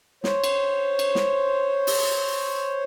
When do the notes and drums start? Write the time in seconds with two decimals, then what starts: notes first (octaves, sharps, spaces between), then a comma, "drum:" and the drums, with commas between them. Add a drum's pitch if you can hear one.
0.24 C5 C#5, drum: snare
0.44 drum: cymbal
0.99 drum: cymbal
1.15 drum: snare
1.87 drum: open hi-hat